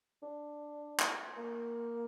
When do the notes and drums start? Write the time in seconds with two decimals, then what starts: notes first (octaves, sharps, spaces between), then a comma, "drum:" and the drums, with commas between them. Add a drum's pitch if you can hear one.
0.23 D4
1.00 drum: clap
1.37 A#3